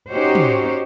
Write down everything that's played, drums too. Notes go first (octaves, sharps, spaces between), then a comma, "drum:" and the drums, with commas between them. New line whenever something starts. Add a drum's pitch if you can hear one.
C#4 D#4 F#4 G4 C5 C#5
drum: tom